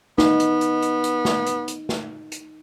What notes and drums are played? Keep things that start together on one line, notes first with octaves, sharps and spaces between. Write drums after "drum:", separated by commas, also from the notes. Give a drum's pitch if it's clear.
B3 D#4, drum: snare
drum: hi-hat
drum: hi-hat
drum: hi-hat
drum: hi-hat
drum: snare
drum: hi-hat
drum: hi-hat
drum: snare
drum: hi-hat